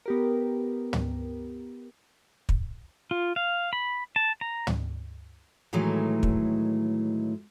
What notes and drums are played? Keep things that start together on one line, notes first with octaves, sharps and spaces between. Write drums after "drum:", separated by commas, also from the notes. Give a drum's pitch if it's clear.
B3 G4 A#4
drum: tom
drum: kick
F4
F5
B5
A5
A#5
drum: tom
A2 D#3 E3 F#3 G#3 A3
drum: kick